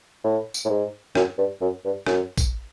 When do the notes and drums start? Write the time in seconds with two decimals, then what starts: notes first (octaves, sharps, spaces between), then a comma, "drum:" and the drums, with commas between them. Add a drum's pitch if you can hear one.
0.24 A2
0.54 drum: tambourine
0.65 A2
0.70 G#2
1.15 F#2, drum: rim click
1.38 G2
1.61 F#2
1.85 G2
2.06 F#2, drum: rim click
2.37 drum: kick A#1, tambourine